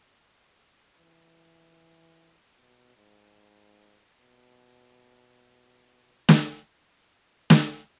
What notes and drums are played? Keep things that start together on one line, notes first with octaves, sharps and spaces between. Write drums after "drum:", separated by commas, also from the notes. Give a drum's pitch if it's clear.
E3
B2
G#2
B2
drum: snare
drum: snare